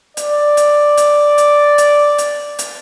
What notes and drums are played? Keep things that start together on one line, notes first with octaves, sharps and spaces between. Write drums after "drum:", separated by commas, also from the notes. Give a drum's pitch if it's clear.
D5, drum: hi-hat
drum: hi-hat
drum: hi-hat
drum: hi-hat
drum: hi-hat
drum: hi-hat
drum: hi-hat